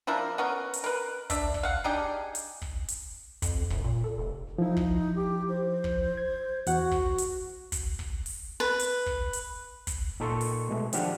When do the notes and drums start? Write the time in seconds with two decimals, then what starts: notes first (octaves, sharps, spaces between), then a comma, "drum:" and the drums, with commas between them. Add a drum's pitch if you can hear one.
0.07 F3 D4 E4 A#4
0.38 B3 C#4 A#4
0.74 drum: hi-hat
0.84 A#4 B4
1.30 D4 E5, drum: kick, hi-hat
1.54 drum: kick
1.63 F5 F#5
1.84 D4 D#4 G4 G#4
2.35 drum: hi-hat
2.62 drum: kick
2.88 drum: hi-hat
3.42 F2, drum: kick, hi-hat
3.70 E1, drum: kick
3.84 A#2
4.04 A4
4.18 F1
4.58 F3 D#4 E4
4.77 drum: kick
5.16 G4
5.49 C5
5.84 drum: kick
6.17 G#6
6.67 E2 F#4 F#5, drum: hi-hat
6.91 drum: kick
7.18 drum: hi-hat
7.72 drum: kick, hi-hat
7.99 drum: kick
8.26 drum: open hi-hat
8.60 B4
8.79 drum: hi-hat
9.06 drum: kick
9.33 drum: hi-hat
9.87 drum: kick, hi-hat
10.20 A#2 D#4 A4 C6 C#6
10.41 drum: open hi-hat
10.69 B2 G#3 A3
10.93 D#3 F3 D4 G4 F#5 F6, drum: hi-hat